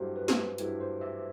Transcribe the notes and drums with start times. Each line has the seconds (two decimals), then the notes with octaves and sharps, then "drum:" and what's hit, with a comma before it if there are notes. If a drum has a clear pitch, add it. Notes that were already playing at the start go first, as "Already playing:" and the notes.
Already playing: G2 F#3 A3 E4 G4 C5
0.16 B4
0.28 drum: snare
0.58 G2 F#3 A3 E4 G4, drum: hi-hat
0.80 C5
1.01 E5